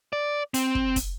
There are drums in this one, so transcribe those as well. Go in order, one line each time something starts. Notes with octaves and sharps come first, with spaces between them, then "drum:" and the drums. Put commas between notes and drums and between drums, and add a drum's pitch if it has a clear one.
D5
C4, drum: hi-hat
drum: kick
drum: kick, hi-hat